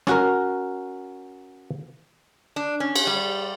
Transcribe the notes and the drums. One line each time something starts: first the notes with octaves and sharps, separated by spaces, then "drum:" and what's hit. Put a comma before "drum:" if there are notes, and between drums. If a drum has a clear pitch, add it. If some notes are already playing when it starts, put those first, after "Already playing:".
C#4 F#4 A#4, drum: rim click
D4
C#4
drum: cymbal
G3